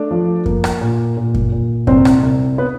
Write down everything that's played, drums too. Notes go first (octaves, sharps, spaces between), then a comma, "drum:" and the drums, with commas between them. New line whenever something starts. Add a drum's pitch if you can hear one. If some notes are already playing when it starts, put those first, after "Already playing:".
Already playing: A3 D4 D5
F3
A#3, drum: kick F#2
drum: rim click
A#2
A#2
drum: kick F#2
A#2
C2 C4 C5, drum: kick F#2
drum: rim click
C2
B3 B4